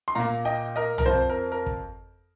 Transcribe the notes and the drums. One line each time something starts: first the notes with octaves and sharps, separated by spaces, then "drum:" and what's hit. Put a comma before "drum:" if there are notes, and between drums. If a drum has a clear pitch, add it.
C6
A#2 A#3 F5 A#5
D#5 G5
A#4 D#5
A#4, drum: tom
F2 F3 C4 C5
A#4
A#4
drum: kick